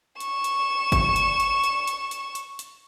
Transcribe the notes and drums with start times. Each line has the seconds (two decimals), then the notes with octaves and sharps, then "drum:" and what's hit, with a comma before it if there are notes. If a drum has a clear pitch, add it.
0.20 C#6 E7, drum: hi-hat
0.44 drum: hi-hat
0.92 drum: kick G1, hi-hat
1.16 drum: hi-hat
1.40 drum: hi-hat
1.64 drum: hi-hat
1.87 drum: hi-hat
2.11 drum: hi-hat
2.35 drum: hi-hat
2.59 drum: hi-hat